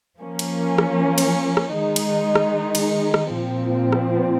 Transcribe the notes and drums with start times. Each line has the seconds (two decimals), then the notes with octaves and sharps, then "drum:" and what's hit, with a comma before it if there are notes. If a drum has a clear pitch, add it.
0.19 F3 A#3 C#4
0.39 drum: cymbal
0.78 drum: rim click
1.18 drum: cymbal
1.57 drum: rim click
1.77 D#3 G#3 D#4
1.96 drum: cymbal
2.35 drum: rim click
2.75 drum: cymbal
3.14 drum: rim click
3.34 A#2 F3 C4
3.93 drum: rim click